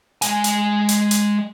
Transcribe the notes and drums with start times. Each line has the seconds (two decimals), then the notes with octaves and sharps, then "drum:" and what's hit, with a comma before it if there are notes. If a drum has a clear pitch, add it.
0.22 G#3 G#5, drum: hi-hat
0.44 drum: hi-hat
0.89 drum: hi-hat
1.11 drum: hi-hat